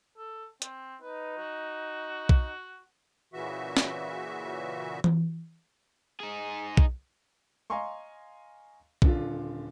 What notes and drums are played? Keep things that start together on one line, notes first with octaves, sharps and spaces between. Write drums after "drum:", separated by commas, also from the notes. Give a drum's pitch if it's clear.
A4
C4, drum: hi-hat
D#4 B4
F#4
drum: kick B1
A#2 C#3 E3 F#4 E5
drum: snare
drum: tom E3
D#4 G#4
drum: kick B1
D#5 F5 G#5 A#5 C6 C#6
D#1 D3 F4, drum: kick B1